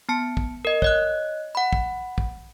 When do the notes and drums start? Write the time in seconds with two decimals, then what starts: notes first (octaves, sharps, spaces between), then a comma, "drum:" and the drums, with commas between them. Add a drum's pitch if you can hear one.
0.09 B3 A5 C#7
0.37 drum: kick
0.65 A#4 D#5
0.82 C#5 D#5 F#6, drum: kick
1.55 F#5 B5
1.73 drum: kick
2.18 drum: kick